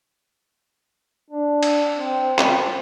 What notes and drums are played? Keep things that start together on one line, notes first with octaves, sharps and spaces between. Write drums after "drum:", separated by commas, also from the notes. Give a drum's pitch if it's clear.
D4
drum: cymbal
C4
C4, drum: clap